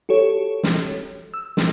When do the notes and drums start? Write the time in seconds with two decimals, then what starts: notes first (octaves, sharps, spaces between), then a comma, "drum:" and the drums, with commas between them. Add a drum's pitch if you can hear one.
0.09 F#4 G4 A4 C#5
0.63 drum: snare
1.34 E6
1.57 drum: snare